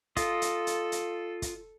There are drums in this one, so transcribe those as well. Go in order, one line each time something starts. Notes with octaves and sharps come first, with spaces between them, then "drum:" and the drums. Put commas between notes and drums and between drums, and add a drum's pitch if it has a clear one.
F4 A4 D#5, drum: kick, hi-hat
drum: hi-hat
drum: hi-hat
drum: hi-hat
drum: kick, hi-hat